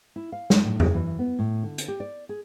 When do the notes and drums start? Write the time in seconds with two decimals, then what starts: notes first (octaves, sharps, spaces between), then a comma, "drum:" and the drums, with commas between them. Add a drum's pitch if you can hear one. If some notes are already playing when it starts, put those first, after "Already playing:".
0.16 E4
0.32 F5
0.50 G#3, drum: snare
0.65 A2
0.80 G#4, drum: tom E2
0.94 E3
1.19 B3
1.39 A2
1.63 D3
1.78 drum: hi-hat
1.88 G4
2.00 D5
2.29 G#4